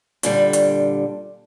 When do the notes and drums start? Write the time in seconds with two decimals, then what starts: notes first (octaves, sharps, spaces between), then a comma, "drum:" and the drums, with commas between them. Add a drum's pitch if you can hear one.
0.23 A#2 D3 G3, drum: hi-hat
0.53 drum: hi-hat